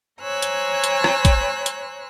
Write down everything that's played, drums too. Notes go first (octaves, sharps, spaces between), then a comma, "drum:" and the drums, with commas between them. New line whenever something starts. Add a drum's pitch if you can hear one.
C5 C#5 G#5 A#5 E6 F#6
drum: hi-hat
drum: hi-hat
drum: rim click
drum: kick A1, hi-hat
drum: hi-hat